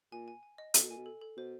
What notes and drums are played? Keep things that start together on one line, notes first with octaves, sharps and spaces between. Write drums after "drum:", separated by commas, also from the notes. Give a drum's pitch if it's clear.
A#2 G#5
G#5
G#5
D#5
C3 A4, drum: hi-hat
B2
A#2 G#5
B2
A4
A4
B2 C5